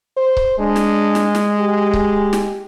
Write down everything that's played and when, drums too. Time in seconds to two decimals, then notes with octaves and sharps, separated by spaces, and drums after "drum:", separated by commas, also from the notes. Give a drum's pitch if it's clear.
0.17 C5
0.37 drum: kick C#1
0.59 G#3 D4
0.76 drum: snare
1.15 drum: snare
1.35 drum: snare
1.59 G4
1.93 drum: kick C#1
2.33 drum: snare